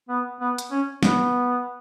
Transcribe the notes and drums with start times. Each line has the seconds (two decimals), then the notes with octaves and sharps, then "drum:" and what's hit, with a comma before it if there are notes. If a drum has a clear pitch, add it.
0.09 B3
0.40 B3
0.58 drum: hi-hat
0.71 C#4
1.03 B3, drum: snare